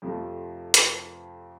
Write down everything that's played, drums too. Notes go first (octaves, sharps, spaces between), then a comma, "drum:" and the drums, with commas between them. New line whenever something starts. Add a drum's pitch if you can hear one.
F2 C3 F3 A3
drum: hi-hat